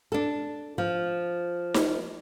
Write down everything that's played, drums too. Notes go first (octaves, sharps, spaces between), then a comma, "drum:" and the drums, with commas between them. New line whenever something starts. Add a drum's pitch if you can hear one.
D4 A4
F3
drum: snare D#4